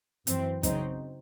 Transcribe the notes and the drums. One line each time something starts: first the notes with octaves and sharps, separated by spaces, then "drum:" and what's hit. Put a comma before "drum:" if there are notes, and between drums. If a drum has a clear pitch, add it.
F#2 E3 C4, drum: hi-hat
C#3 F#3 C4 D#4, drum: kick, hi-hat